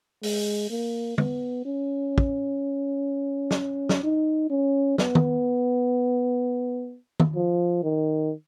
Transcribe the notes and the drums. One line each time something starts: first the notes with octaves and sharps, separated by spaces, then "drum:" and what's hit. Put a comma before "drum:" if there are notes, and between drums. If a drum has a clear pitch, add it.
G#3, drum: open hi-hat
A#3
B3, drum: tom
C#4
drum: kick
drum: snare
drum: snare
D#4
C#4
B3, drum: snare
drum: tom
drum: tom
F3
D#3